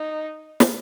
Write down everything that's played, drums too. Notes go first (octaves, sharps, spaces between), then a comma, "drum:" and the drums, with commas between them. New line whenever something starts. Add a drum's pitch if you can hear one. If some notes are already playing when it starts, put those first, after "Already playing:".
Already playing: D#4
drum: snare